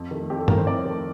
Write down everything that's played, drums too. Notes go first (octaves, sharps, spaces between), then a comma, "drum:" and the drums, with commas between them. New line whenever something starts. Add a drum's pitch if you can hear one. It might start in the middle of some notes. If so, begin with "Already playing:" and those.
Already playing: F2
D#3 A3
F2 G4
A4
D#3 A3 A#4, drum: tom
C5
F2 D5
D#3 A3